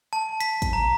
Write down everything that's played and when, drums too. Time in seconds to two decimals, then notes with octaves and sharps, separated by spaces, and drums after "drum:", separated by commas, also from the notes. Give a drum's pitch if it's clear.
0.13 A5
0.40 B6, drum: hi-hat
0.62 drum: kick, hi-hat
0.73 A#5